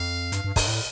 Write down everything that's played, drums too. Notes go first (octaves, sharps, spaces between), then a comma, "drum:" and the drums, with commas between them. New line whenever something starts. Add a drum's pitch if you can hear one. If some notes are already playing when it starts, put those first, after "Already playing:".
Already playing: F2 F5
G2, drum: hi-hat
G2
G2, drum: kick, open hi-hat
A2